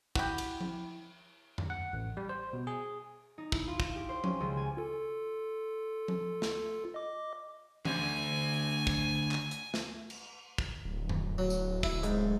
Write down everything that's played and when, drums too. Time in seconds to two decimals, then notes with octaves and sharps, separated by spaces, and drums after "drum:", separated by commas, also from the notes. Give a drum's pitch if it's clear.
0.15 E4 F#4 G4 G5 B5, drum: kick
0.38 drum: cymbal
0.61 drum: tom F3
1.58 drum: tom F2
1.70 F#5
1.93 A1
2.17 G3
2.29 C5
2.53 B2
2.67 G#4
3.38 D#4
3.52 E4, drum: kick
3.68 F4
3.80 F4, drum: kick
3.96 G4
4.09 C5
4.24 C#4, drum: tom F3
4.40 C#2
4.57 G#5
4.77 F4 A4
6.08 drum: tom F3
6.42 drum: snare
6.94 D#5 D6
7.85 D2 D3 G#5, drum: tom E3
8.87 drum: kick
9.31 drum: clap
9.51 drum: hi-hat
9.74 drum: snare
10.10 drum: cymbal
10.58 drum: kick
10.85 D1
11.09 drum: tom F2
11.38 F#3
11.50 drum: tambourine
11.83 E4, drum: kick
12.03 G#2, drum: hi-hat